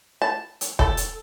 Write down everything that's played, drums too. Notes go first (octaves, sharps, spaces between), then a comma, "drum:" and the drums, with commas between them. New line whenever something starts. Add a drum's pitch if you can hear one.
A5
drum: hi-hat
A4, drum: kick
drum: hi-hat